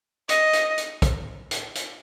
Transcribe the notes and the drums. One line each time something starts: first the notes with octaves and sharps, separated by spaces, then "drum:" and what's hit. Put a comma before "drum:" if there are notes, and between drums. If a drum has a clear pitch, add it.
D#5, drum: hi-hat
drum: hi-hat
drum: hi-hat
drum: kick, hi-hat
drum: hi-hat
drum: hi-hat